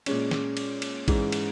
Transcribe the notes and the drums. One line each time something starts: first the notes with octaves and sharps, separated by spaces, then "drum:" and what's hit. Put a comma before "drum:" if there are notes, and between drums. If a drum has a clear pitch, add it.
A#2 G#3 C#4, drum: cymbal
drum: snare
drum: cymbal
drum: cymbal
G#2 E3 G#3 C#4, drum: kick A1, cymbal
drum: cymbal